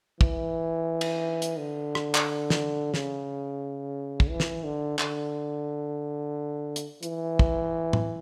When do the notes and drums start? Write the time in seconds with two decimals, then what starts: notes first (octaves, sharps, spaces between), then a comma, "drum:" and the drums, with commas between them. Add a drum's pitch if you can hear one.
0.21 E3, drum: kick
1.01 drum: cymbal
1.42 drum: hi-hat
1.57 D3
1.95 drum: rim click
2.15 drum: clap
2.50 drum: snare
2.94 C#3, drum: snare
4.20 drum: kick
4.30 E3
4.40 drum: snare
4.64 D3
4.99 D3, drum: clap
6.76 drum: hi-hat
7.03 E3, drum: hi-hat
7.39 drum: kick
7.93 drum: tom